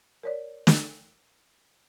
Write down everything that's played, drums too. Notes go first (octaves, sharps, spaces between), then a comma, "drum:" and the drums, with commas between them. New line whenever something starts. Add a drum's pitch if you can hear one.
A#4 C#5 D5
drum: snare